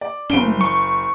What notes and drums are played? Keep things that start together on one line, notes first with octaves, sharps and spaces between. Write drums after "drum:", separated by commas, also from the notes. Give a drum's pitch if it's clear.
D5
F#1 D7 G7, drum: tom
C#6